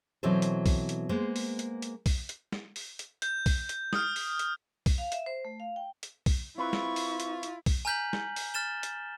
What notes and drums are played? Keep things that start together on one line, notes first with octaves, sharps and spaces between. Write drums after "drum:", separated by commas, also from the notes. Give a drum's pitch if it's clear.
B2 E3 F#3 C4 A4 C5
drum: hi-hat
drum: kick B1, open hi-hat
drum: hi-hat
G#3 A#3 B3 C5
drum: open hi-hat
drum: hi-hat
drum: hi-hat
drum: kick B1, open hi-hat
drum: hi-hat
drum: snare
drum: open hi-hat
drum: hi-hat
G6, drum: hi-hat
drum: kick B1, open hi-hat
drum: hi-hat
D#6 F6, drum: snare
drum: open hi-hat
drum: hi-hat
drum: kick B1, open hi-hat
F5
E5, drum: hi-hat
C5
A3
F5
G5
drum: hi-hat
drum: kick B1, open hi-hat
C4 E4 F4 B4 C#6
drum: snare
drum: open hi-hat
drum: hi-hat
drum: hi-hat
drum: kick B1, open hi-hat
G#5 A#5 F6 G6 B6 F#7
drum: snare
drum: open hi-hat
F6 A6 E7 G7
drum: hi-hat